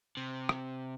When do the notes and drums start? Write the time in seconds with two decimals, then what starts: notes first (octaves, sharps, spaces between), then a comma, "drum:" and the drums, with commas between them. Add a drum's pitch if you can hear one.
0.17 C3
0.49 drum: rim click